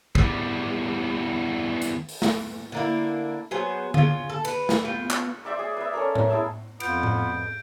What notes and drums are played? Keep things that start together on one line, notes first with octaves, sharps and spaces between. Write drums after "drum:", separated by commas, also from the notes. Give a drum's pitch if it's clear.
E2 G3, drum: kick
drum: hi-hat
drum: open hi-hat
drum: snare
D3 A#3 E4
F#3 B3 G#4 C5
C#3 F4, drum: tom D3
A4
B4, drum: cymbal
drum: snare
B3 F4 G5
drum: clap
C5 D5 E5 D6
G#4
B4 E5
C#4 A4 A#4
A#4, drum: tom A2
E4 G#4 A5 E6
F2 B3 F4 G6 D7, drum: cymbal
drum: tom A2